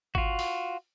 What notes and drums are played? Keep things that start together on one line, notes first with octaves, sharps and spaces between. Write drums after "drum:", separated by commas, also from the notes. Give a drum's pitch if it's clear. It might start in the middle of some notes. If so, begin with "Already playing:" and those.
F4 F#4, drum: kick G#1
drum: open hi-hat